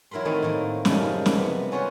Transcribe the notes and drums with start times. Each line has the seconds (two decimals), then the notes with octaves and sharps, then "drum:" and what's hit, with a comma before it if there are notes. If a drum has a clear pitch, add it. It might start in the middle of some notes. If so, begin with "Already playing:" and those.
0.11 F#3 E4 A#4 B5 C6
0.25 D#3 A3 C4 D#4 E4
0.42 A2 D#3 A#3
0.85 F#2 C#3 F3 G3 G#3 D#4, drum: snare
1.26 drum: snare
1.36 C3 B3 B4
1.71 F#3 C#4 F4 F#4 B4 C5